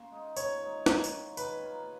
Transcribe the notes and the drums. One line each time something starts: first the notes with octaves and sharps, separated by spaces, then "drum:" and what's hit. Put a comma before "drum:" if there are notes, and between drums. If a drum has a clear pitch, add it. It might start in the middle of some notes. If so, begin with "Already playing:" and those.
Already playing: A#3 C#4 F4
G#3 D#4
A#2 C#5, drum: tambourine
G#3 D#4
D#3, drum: snare
drum: tambourine
A#3 F4
D#3 B4, drum: tambourine
A#3 F4